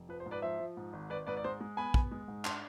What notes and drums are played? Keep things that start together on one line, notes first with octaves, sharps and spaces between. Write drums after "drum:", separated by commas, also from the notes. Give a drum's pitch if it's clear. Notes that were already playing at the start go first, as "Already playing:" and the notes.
Already playing: F1
F3 B4
C5
G#2
B4 D5
F3 C5 E5
F3
G#2
G#1
G#1 B4 D5
G#2 B4 D5
D5
G#3 C5
G#3
B3 G#5 B5
B3, drum: kick
G#3
G#2
D4 A5 C6, drum: clap